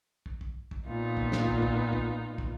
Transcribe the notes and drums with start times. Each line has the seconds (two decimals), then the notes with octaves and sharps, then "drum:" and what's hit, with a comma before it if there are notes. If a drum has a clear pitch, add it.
0.26 drum: kick
0.41 drum: kick
0.71 drum: kick
0.87 A#2 B3 D#4 F4
1.17 drum: kick
1.32 drum: snare
1.47 drum: kick
1.62 drum: kick
1.93 drum: kick
2.38 drum: kick